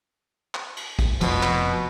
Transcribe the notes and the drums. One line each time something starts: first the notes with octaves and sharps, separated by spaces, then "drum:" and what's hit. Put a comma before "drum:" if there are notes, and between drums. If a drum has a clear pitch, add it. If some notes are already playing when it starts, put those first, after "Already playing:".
drum: clap
drum: cymbal
drum: kick, cymbal
F1 B2 F3, drum: cymbal
drum: clap